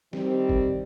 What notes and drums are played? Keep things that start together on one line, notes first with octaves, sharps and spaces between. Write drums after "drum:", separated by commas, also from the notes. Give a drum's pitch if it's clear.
D#3 G3 C4, drum: snare E3
drum: kick F#1